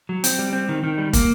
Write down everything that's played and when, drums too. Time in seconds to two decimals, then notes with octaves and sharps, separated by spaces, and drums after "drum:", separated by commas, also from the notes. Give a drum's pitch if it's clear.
0.09 F#3
0.24 C4, drum: hi-hat
0.39 G3
0.53 C4
0.69 D#3
0.84 D#3
0.98 G3
1.13 A#3, drum: kick, hi-hat